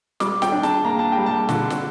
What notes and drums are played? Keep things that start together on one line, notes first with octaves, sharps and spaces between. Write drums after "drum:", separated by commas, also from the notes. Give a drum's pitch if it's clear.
G3 D6, drum: snare
G5, drum: snare
D4
A5, drum: snare
A#3 A#5
A5
G5
G3
A5
D3, drum: snare
drum: snare